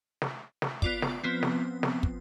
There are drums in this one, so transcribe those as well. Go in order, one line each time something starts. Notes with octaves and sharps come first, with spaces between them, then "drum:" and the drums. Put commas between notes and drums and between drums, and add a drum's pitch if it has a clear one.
drum: snare
drum: snare
B3 F4 D5, drum: kick
drum: snare
F3 B3 C4
drum: snare
drum: snare
drum: kick